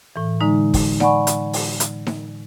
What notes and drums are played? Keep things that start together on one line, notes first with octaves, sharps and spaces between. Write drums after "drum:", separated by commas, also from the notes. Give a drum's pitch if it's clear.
A2 E3
D3 G#3 D#4 A#5
drum: kick, open hi-hat
D5 F#5 G#5 B5 C#6, drum: snare D#4
drum: hi-hat
drum: open hi-hat
drum: hi-hat
drum: snare D#4